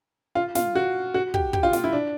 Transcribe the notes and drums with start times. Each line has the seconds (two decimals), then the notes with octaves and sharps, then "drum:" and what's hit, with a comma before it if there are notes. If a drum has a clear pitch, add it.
0.35 F4
0.55 F4, drum: snare
0.75 F#4
1.14 F#4
1.34 G4, drum: kick
1.53 G4, drum: kick
1.63 F4
1.73 F4, drum: snare
1.84 E4
1.92 D4